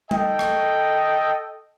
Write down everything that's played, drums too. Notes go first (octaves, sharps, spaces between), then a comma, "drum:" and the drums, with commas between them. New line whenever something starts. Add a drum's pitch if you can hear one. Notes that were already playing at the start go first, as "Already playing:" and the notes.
A4 D#5 G5, drum: tom G3
drum: rim click